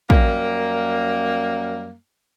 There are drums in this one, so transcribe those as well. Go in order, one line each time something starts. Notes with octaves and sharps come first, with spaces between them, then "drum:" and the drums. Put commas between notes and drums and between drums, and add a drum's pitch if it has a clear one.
F#2 G3 A#3, drum: kick